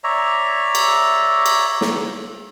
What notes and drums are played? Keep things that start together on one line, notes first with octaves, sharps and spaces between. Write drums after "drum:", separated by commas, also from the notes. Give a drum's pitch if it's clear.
C#5 D5 E5 A#5
drum: cymbal
drum: cymbal
drum: snare